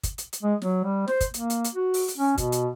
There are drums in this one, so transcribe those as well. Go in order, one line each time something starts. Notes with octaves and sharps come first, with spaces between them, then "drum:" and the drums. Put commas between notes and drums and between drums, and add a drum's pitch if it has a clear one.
drum: kick, hi-hat
drum: hi-hat
drum: hi-hat
G#3
F#3, drum: snare
G3
C5, drum: snare
drum: kick, hi-hat
A#3, drum: hi-hat
drum: hi-hat
drum: hi-hat
F#4
drum: open hi-hat
drum: hi-hat
C#4
B2, drum: kick, hi-hat
drum: hi-hat